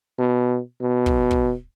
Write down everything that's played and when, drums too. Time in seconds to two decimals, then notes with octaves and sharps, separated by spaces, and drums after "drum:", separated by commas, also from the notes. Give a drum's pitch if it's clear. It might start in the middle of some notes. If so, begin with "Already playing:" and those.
0.19 B2
0.81 B2
1.06 drum: kick
1.31 drum: kick